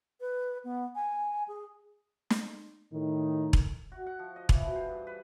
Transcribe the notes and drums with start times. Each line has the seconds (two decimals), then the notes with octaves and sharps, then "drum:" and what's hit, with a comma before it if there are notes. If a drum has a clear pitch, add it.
0.21 B4
0.64 B3
0.95 G#5
1.48 G#4
2.30 drum: snare
2.93 A2 D#3 D#4
3.53 drum: kick E1
3.92 F#4
4.06 F#5
4.19 F3
4.36 D#5
4.49 E3, drum: kick E1
4.62 B2
4.76 C5
4.89 G2
5.07 B4